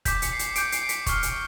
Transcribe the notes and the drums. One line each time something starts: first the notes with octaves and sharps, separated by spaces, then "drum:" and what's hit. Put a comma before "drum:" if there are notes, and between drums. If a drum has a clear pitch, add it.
D6 G6 B6, drum: kick, hi-hat
B6 C#7, drum: hi-hat
C7
B6 C#7, drum: hi-hat
D6 G6 C7 D7, drum: hi-hat
C7 D7, drum: hi-hat
B6 C#7, drum: hi-hat
C#6 F6, drum: kick, hi-hat
drum: hi-hat